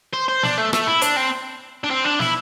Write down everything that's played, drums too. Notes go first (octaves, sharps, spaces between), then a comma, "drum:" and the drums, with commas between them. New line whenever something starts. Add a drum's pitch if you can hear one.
C5
C5
D4, drum: snare
A3
A3, drum: rim click
E4
D4, drum: hi-hat
C4
D4
C4
D4
E4, drum: snare